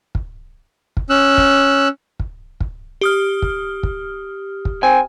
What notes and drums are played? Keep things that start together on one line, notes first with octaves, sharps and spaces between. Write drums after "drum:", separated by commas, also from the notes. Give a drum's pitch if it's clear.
drum: kick
drum: kick
C#4 E6 F#6
drum: kick
drum: kick
drum: kick
G4 D#6 F6
drum: kick
drum: kick
drum: kick
C4 G#5